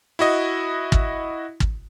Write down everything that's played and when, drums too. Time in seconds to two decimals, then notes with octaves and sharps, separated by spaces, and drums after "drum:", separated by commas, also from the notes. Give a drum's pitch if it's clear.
0.19 E4 F#4 D#5
0.92 drum: kick
1.60 drum: kick